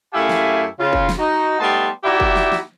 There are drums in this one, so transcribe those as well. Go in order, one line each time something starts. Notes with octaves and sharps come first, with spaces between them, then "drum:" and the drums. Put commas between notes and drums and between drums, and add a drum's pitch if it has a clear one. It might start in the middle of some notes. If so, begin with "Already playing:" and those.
F#2 A3 E4 G4 F5 G#5
drum: snare
C#3 F4
drum: kick
drum: snare
D#4 F#4
G3 A3 B3 D#4 A5 C6
D#4 E4 F#4 G4 D5 E5
drum: kick
drum: snare
drum: snare